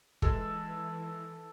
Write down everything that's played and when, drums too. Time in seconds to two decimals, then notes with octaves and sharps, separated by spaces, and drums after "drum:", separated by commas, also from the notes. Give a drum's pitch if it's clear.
0.22 E3 G#3 A4, drum: kick